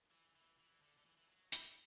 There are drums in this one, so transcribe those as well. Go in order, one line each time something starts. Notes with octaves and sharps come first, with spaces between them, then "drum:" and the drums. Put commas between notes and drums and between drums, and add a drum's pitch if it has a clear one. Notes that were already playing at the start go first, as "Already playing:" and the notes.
E3
E3
E3
D3
D3
E3
E3
F#3
D3 E4, drum: hi-hat